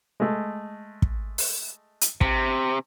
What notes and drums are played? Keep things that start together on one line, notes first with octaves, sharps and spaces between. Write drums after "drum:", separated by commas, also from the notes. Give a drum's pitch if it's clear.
G#3 A3
drum: kick
drum: open hi-hat
drum: hi-hat
C3, drum: kick